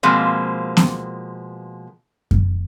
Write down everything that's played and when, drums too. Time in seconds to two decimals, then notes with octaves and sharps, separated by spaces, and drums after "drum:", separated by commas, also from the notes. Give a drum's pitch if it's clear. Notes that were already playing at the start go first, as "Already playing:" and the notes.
0.03 B2 F3 G#3 A#3 C4
0.77 drum: snare B3
2.31 drum: kick F#2